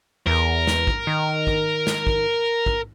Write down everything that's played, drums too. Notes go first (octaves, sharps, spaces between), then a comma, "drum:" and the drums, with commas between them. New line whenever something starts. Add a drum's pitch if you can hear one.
E2 A#4
drum: snare
drum: kick
D#3
drum: kick
drum: snare
drum: kick
drum: kick